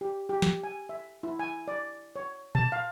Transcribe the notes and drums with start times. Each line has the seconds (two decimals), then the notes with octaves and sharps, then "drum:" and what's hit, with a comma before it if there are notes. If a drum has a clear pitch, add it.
0.01 G4
0.29 G4
0.42 drum: snare
0.64 G#5
0.89 E5
1.23 E4
1.39 G#5
1.68 D5
2.16 C#5
2.55 A5, drum: tom A#2
2.72 F5